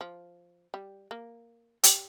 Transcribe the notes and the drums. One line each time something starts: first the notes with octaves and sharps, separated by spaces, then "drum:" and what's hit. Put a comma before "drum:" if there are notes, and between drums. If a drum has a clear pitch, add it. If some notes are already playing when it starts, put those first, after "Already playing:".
F3
G3
A#3
G4, drum: hi-hat